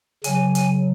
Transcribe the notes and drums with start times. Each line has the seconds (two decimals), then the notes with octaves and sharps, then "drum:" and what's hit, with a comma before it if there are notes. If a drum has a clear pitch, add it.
0.24 C#3 F#3 G#5, drum: hi-hat
0.55 drum: hi-hat